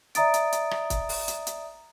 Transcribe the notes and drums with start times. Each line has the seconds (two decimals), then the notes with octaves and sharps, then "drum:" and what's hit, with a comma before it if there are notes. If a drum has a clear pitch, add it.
0.15 D5 E5 A#5 D#6 A6 D7, drum: hi-hat
0.34 drum: hi-hat
0.53 drum: hi-hat
0.71 drum: rim click
0.90 drum: kick, hi-hat
1.09 drum: open hi-hat
1.28 drum: hi-hat
1.47 drum: hi-hat